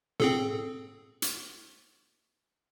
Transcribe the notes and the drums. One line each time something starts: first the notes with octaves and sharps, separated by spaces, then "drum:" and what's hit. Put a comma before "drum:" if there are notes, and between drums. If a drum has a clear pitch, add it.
C4 G#4 A4, drum: tom A2
drum: hi-hat